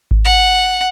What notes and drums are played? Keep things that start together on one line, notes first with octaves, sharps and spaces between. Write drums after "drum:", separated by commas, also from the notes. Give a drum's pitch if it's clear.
drum: kick G#1
F#5